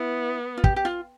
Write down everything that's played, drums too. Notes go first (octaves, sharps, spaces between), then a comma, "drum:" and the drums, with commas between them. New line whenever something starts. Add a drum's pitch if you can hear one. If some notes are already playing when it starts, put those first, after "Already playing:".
Already playing: B3 E4
F4
G4, drum: kick
G4
F4